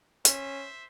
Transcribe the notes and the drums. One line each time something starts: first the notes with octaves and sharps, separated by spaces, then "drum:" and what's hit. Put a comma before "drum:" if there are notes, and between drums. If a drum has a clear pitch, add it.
C#4 C5 E5, drum: hi-hat